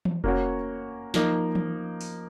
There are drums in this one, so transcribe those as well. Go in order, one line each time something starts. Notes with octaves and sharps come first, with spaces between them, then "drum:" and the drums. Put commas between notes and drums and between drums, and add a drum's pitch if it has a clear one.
drum: tom E3
A#3 C#4 F#4 C#5, drum: kick F1
F3 A#3 D#4, drum: snare
drum: tom E3
drum: open hi-hat